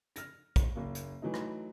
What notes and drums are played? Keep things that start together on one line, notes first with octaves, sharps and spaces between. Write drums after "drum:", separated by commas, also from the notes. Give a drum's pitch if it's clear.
F6 A#6, drum: hi-hat
drum: kick, hi-hat
F#1 A#3
drum: hi-hat
E3 F#3 A3 D#4
drum: rim click